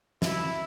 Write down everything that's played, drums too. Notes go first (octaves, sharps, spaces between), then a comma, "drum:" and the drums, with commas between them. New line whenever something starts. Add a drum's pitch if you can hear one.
E4, drum: snare